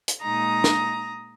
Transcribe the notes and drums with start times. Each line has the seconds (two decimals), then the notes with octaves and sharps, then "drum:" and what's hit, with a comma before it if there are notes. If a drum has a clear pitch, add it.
0.08 drum: hi-hat
0.22 A#2 G#3 D#4 A#5 D#6
0.64 drum: snare